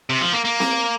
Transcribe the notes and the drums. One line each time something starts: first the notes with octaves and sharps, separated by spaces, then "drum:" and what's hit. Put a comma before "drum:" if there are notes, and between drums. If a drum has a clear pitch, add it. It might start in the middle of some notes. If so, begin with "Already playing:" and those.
C3
F3
A#3
A#3
drum: snare C4